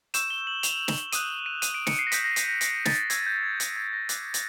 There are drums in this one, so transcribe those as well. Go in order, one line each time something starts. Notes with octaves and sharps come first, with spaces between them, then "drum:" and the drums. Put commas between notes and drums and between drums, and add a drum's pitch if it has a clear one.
C#6 E6 G6 E7, drum: hi-hat
G7
F#7
F7, drum: hi-hat
drum: snare
D#6 F#6 D#7, drum: hi-hat
D#7
D#7, drum: hi-hat
D7
C#7, drum: snare
C7
A#6
D#6 G6 B6, drum: hi-hat
A#6
drum: hi-hat
A#6
A#6, drum: hi-hat
A6, drum: snare
C#6 E6 G6 G#6, drum: hi-hat
G6
G#6
G6, drum: hi-hat
G#6
A#6
D6 F#6, drum: hi-hat
drum: hi-hat